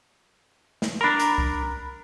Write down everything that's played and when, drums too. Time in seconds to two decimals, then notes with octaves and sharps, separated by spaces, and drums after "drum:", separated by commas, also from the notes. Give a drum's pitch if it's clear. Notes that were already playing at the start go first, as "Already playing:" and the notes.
0.82 drum: snare
1.01 D4 A#4 A#5 B5
1.19 drum: hi-hat
1.38 drum: kick C2